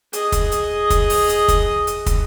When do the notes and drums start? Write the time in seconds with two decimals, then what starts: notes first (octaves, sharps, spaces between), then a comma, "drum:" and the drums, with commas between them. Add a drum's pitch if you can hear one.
0.13 G#4 D#5, drum: hi-hat
0.32 drum: kick, hi-hat
0.52 drum: hi-hat
0.90 drum: kick, hi-hat
1.10 drum: open hi-hat
1.29 drum: hi-hat
1.48 drum: kick, hi-hat
1.87 drum: hi-hat
2.06 drum: kick, hi-hat